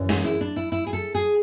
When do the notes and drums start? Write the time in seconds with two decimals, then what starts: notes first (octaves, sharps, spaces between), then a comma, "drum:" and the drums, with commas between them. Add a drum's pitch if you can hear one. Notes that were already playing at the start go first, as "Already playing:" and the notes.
Already playing: F#2 C#3 E3
0.09 G#4, drum: snare
0.24 E4
0.41 D4
0.56 E4
0.72 E4
0.87 G#4
0.93 A4
1.15 G#4